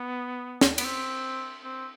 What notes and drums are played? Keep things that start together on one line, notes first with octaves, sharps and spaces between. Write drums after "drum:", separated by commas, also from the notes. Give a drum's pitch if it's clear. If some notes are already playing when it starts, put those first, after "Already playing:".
Already playing: B3
drum: snare
B3, drum: cymbal
C4
C4